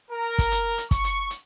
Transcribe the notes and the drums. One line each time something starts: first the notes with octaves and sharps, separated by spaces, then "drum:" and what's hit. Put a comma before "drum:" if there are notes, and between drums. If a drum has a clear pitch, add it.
A#4
drum: kick, hi-hat
drum: hi-hat
drum: hi-hat
C#6, drum: kick, hi-hat
drum: hi-hat
drum: hi-hat